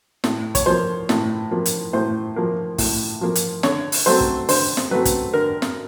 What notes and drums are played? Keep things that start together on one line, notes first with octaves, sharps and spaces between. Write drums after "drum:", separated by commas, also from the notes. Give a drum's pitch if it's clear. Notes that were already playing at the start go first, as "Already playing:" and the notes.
A2, drum: snare
C#5, drum: kick, hi-hat
F3 A#3 C5
A2, drum: snare
F3 A#3
drum: hi-hat
A2 C5
F3 A#3
A2, drum: kick, open hi-hat
F3 A#3
drum: hi-hat
D3 C#5, drum: snare
drum: open hi-hat
F#3 A3 C4 C5
drum: kick
D3 C5, drum: open hi-hat
drum: snare
F#3 A3 C4 B4
drum: kick, hi-hat
D3 A#4
drum: snare